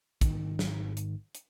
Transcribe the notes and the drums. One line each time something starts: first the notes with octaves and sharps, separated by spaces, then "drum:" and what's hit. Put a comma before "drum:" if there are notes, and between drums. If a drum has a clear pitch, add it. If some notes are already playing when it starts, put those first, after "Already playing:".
G#1 D#3, drum: kick, hi-hat
drum: snare
drum: hi-hat
drum: hi-hat